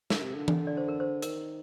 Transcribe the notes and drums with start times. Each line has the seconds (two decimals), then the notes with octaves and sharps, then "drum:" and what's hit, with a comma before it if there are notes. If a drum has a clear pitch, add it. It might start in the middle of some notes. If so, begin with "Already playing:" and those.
0.10 D3 A#4, drum: snare
0.22 C3
0.35 D3
0.48 drum: tom E3
0.67 D5
0.77 C5
0.88 A#4
1.00 C5
1.22 D#3 A#4, drum: hi-hat